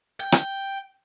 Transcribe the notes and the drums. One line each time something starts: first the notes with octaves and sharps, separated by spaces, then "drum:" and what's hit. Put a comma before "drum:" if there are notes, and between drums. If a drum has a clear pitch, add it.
G5
drum: rim click